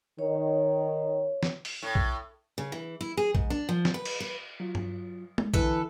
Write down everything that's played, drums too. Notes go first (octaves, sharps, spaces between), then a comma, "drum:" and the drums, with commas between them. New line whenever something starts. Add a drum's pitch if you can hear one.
D#3 C#5
drum: snare
drum: open hi-hat
A2
drum: kick B1
C#3
E3
E4
G#4
G#2, drum: kick B1
D4
F3
drum: snare
B4
drum: cymbal
B4
F#3 F4
drum: tom G2
drum: tom G#3
D3 E3 A4 B4, drum: kick B1